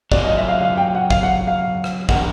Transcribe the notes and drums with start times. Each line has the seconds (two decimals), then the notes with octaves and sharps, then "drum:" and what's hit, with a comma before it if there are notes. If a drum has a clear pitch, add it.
0.12 F#3 A#3 C#4 F4 D5, drum: kick
0.24 D#5
0.37 E5
0.48 F5
0.61 F5
0.77 G5
0.95 F#5
1.10 F5, drum: kick
1.23 F#5
1.47 F5
1.84 drum: rim click
2.09 F3 A#3 D4 G4 A#4 F#5, drum: kick